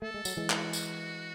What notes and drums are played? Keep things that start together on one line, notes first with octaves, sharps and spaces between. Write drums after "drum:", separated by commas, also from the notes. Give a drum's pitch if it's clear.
A3 A4
G#3
F#3, drum: tambourine
E3 G#3
F#4, drum: clap
drum: tambourine